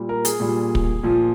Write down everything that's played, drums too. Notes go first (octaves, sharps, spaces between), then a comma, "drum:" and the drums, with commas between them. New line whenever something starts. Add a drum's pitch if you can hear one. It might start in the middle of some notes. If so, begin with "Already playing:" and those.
Already playing: A#2 G3
A#4
G#4, drum: hi-hat
A#2 G3
drum: kick
A#2 F3